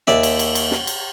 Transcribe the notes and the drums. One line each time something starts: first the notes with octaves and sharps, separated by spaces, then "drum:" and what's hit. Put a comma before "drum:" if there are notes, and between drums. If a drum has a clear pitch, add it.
D#2 D5 E5, drum: snare
drum: cymbal
drum: cymbal
drum: cymbal
drum: snare
drum: cymbal